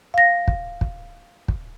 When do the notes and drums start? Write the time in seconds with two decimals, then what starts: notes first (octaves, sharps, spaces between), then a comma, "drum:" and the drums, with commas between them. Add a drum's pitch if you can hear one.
0.14 F5 A#6
0.48 drum: kick
0.81 drum: kick
1.48 drum: kick